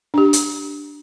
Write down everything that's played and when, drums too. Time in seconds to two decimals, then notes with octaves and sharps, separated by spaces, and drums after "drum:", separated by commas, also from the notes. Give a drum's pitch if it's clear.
0.14 D4 G4
0.33 drum: hi-hat